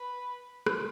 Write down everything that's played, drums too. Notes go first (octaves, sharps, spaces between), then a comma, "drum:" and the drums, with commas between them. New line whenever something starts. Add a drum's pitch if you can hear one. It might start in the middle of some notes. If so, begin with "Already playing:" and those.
Already playing: B4
drum: rim click